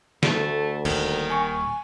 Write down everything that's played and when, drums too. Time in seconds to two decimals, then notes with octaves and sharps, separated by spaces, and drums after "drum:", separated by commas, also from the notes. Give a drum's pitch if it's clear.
0.23 D2 A3, drum: snare
0.85 D#1 D#2 D#3, drum: cymbal
1.30 G#5 C#6